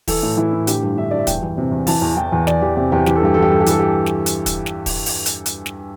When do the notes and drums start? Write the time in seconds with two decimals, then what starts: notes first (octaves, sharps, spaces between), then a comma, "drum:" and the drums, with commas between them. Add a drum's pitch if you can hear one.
0.08 E3 A4, drum: kick, open hi-hat
0.23 A2
0.37 E3 E4
0.53 A2
0.67 D3 G4, drum: hi-hat
0.83 G2
0.97 D3 E5
1.11 G2 D5
1.19 E5
1.27 E2 G5, drum: kick, hi-hat
1.42 E3
1.58 C3
1.72 E2
1.87 E3 A5, drum: open hi-hat
2.02 E2
2.16 E3 G5
2.32 E2
2.47 E2 D5, drum: snare
2.62 E3 G4
2.77 C3 G4
2.92 E2 G4
3.06 E3 G4, drum: snare
3.16 A4
3.22 G2 G4
3.34 E3 A4
3.42 G4
3.51 G2 A4
3.61 G4
3.67 E3 A4, drum: hi-hat
3.79 G4
4.06 drum: snare
4.26 drum: hi-hat
4.46 drum: kick, hi-hat
4.66 drum: snare
4.86 drum: kick, open hi-hat
5.06 drum: open hi-hat
5.26 drum: hi-hat
5.46 drum: hi-hat
5.66 drum: snare